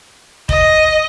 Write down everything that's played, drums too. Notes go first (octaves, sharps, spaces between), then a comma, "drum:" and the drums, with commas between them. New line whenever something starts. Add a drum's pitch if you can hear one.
D#5, drum: kick